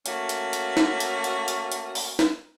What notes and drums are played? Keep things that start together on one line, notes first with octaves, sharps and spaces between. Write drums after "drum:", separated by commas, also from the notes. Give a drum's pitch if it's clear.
A3 A#3 C#4 F#4, drum: hi-hat
drum: hi-hat
drum: hi-hat
drum: snare
drum: hi-hat
drum: hi-hat
drum: hi-hat
drum: hi-hat
drum: open hi-hat
drum: snare